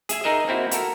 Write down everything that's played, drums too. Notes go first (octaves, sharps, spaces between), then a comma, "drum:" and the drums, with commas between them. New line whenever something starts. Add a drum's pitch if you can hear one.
G#4 E5 G#5, drum: hi-hat
D#4 G#4 A#4 D#5 E5
A#3 C4 E4 F#4
F#4 A4 A#4, drum: hi-hat